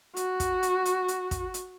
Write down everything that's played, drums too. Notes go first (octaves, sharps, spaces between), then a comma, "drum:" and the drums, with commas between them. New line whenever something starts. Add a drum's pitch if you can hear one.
F#4, drum: hi-hat
drum: kick, hi-hat
drum: hi-hat
drum: hi-hat
drum: hi-hat
drum: kick, hi-hat
drum: hi-hat